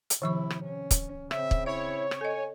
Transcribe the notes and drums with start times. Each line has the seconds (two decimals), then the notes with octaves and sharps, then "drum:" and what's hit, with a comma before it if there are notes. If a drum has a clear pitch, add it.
0.10 drum: hi-hat
0.22 C3 D#3 F3 E4 C#6
0.50 drum: rim click
0.64 C#4
0.91 drum: kick, hi-hat
1.31 C#3 C4 E5, drum: rim click
1.51 drum: kick
1.66 E4 C#5 E5
2.11 drum: rim click
2.21 A4 D#5 G#5